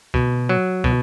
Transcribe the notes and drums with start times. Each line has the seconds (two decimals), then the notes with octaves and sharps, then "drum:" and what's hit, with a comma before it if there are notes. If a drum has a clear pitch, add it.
0.14 B2, drum: kick
0.49 F#3
0.84 B2, drum: kick